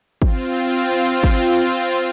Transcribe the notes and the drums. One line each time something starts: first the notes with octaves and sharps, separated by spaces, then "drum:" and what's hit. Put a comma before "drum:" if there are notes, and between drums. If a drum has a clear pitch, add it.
C4 F4, drum: kick
drum: kick